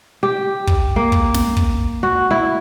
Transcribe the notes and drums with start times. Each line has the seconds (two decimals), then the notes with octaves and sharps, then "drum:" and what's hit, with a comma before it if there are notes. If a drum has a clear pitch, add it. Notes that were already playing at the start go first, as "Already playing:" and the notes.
0.23 G4
0.67 drum: kick
0.96 A#3
1.12 drum: kick
1.34 drum: snare
1.57 drum: kick
2.03 F#4
2.31 E4